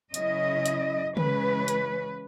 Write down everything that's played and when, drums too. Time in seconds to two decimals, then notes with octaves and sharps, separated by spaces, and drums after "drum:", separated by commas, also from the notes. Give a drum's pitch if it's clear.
0.14 C#3 F#3 C#4 E4 D#5, drum: hi-hat
0.66 drum: hi-hat
1.17 C#3 E3 G#3 C#4 B4, drum: tom C#3
1.68 drum: hi-hat